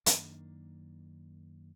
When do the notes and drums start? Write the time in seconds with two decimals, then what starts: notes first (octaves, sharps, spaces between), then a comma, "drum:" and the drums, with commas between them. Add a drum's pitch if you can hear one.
0.06 F#2 D#3 A#3 D4, drum: hi-hat